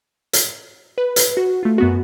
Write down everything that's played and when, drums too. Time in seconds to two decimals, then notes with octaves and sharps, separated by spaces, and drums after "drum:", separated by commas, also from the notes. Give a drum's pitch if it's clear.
0.33 drum: hi-hat
0.98 B4
1.16 drum: hi-hat
1.37 F#4
1.63 A3 F4
1.78 F#2 B3 F#4